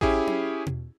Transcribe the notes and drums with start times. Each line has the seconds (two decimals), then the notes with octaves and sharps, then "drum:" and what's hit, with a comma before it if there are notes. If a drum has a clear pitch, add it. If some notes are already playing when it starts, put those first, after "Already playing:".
0.01 C#4 E4 G4 G#4, drum: kick A1
0.27 drum: tom C#4
0.67 drum: tom B2